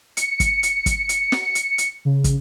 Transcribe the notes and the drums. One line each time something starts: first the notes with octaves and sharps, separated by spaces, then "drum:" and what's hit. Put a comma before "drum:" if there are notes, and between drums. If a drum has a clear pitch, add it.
C#7, drum: hi-hat
drum: kick, hi-hat
drum: hi-hat
drum: kick, hi-hat
drum: hi-hat
drum: snare
drum: hi-hat
drum: hi-hat
C#3
drum: kick, hi-hat